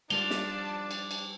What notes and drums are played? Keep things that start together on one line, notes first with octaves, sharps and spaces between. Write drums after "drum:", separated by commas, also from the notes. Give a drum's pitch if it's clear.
F3 G3 D4 G4 D5 A5 F7 G7, drum: cymbal
drum: snare
drum: cymbal
drum: cymbal